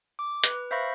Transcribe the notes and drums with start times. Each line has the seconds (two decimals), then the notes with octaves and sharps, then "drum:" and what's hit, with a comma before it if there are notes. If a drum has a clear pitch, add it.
0.19 D6
0.44 B4, drum: hi-hat
0.71 C5 E5 F5 B5 C#6 A#6